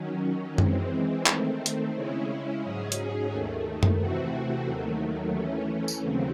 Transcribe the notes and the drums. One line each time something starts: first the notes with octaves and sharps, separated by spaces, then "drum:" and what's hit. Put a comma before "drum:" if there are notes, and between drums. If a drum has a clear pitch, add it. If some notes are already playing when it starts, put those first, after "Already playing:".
Already playing: D#3 F#3 C#4
E3 G#3 C4, drum: tom F#2
D#3 A3 C4, drum: clap
drum: hi-hat
C#3 G#3 C#4 E4
G#2 F#3 C#4 G#4
drum: hi-hat
D#2 D#3 A3
drum: tom F#2
C3 E3 A3 C4 F#4
D#2 D#3 F#3 A3
E3 A3 C#4
drum: tambourine
D#2 C#3 F#3 C4